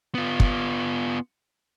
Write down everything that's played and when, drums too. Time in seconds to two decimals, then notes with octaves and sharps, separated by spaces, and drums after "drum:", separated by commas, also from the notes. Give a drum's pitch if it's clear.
0.15 B3 F4
0.40 drum: kick